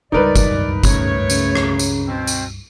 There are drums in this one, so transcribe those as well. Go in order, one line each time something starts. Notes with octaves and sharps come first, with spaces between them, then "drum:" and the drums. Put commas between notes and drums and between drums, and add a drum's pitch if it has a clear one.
C#2 G2 D#4 A#4 B4 D5
drum: kick G1, tambourine
C#3 A3 C#5, drum: kick G1, tambourine
C#3, drum: tambourine
drum: rim click
drum: tambourine
B2 C4
drum: tambourine